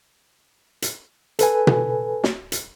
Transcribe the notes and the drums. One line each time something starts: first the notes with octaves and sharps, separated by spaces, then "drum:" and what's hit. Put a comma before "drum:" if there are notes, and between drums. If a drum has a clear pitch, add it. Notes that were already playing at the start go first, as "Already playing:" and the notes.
drum: hi-hat
A4 B4 G#5, drum: hi-hat
drum: tom B2
drum: snare
drum: hi-hat